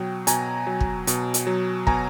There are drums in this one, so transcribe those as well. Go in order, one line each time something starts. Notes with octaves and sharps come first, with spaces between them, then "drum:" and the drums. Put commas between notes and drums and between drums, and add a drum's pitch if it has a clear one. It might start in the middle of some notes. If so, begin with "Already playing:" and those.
Already playing: B2 F#3 G5
B2 G#5 A#5, drum: hi-hat
F#3
drum: kick
B2, drum: hi-hat
drum: hi-hat
F#3
B2 G#5 A#5, drum: kick